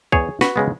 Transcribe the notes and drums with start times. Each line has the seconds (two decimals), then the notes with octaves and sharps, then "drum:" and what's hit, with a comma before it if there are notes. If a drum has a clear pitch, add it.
0.12 E2 G#4 C#5, drum: kick
0.41 F#4 B4, drum: snare
0.56 C#3 G#3 B3